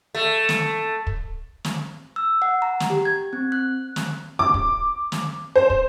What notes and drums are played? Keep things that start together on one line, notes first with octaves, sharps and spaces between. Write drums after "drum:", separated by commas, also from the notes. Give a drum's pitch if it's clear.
A3
drum: snare
drum: kick
drum: snare
E6
F#5
A#5
drum: snare
G4
G#6
C4
F#6
drum: snare
D6
drum: kick
drum: snare
C5
drum: kick